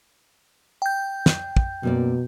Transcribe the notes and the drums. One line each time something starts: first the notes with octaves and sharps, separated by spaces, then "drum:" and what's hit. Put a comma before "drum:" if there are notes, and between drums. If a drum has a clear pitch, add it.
G5 G6
drum: snare
drum: kick
F#2 B2 A#3 D5